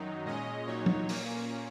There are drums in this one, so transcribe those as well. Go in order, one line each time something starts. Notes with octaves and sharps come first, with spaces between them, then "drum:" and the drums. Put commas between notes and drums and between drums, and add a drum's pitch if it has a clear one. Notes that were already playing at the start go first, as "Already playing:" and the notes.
Already playing: F#2 D#3 F#3 D#4
A#2 G#3 C#4 D#5
A#2 F#3 D#4 C#5
drum: tom
A#2 A#3 C#4, drum: open hi-hat